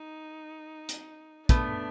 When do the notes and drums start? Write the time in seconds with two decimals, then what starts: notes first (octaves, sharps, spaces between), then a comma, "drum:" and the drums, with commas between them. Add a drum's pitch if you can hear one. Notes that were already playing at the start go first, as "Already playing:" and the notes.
Already playing: D#4
0.89 drum: hi-hat
1.49 A3 B3 D4, drum: kick, hi-hat